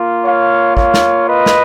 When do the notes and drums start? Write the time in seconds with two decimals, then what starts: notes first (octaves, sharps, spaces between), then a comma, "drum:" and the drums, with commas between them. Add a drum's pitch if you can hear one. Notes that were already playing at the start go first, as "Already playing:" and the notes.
Already playing: A#3 F4
0.24 C#5 F5
0.77 C#5 F5, drum: kick
0.94 drum: snare
1.29 B4 D#5
1.46 drum: snare